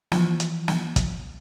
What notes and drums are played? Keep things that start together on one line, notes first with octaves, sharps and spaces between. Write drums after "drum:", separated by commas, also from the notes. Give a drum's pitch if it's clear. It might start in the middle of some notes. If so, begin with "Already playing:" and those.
E3 F3, drum: snare
drum: hi-hat
drum: snare
drum: kick, hi-hat